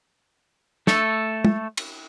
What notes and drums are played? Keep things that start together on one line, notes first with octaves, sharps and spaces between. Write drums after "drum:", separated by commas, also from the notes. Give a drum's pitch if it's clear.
A3 A4, drum: snare
drum: tom
drum: cymbal